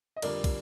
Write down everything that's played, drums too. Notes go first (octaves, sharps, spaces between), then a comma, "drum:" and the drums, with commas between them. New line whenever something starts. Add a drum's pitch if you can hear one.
D#5
F2 D3 G3 A#4 D5, drum: cymbal
drum: kick, cymbal